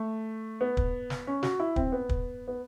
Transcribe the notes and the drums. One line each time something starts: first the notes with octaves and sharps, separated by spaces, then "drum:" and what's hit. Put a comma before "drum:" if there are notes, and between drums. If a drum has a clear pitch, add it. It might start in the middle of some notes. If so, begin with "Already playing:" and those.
Already playing: A3
B3
drum: kick
drum: snare
C#4
F#4, drum: snare
E4
C4, drum: kick
B3
drum: kick
B3